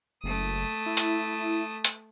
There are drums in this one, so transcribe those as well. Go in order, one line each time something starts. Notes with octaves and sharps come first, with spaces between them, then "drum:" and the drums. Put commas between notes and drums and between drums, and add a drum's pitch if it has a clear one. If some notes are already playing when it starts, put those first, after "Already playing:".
F#1 A3 D#6
E4
drum: hi-hat
drum: hi-hat